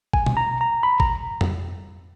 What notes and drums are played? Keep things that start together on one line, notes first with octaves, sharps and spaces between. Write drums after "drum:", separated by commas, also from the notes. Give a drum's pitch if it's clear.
G#5, drum: kick G#1
drum: tom B2
A#5
A#5
B5
A#5, drum: kick G#1
drum: tom F2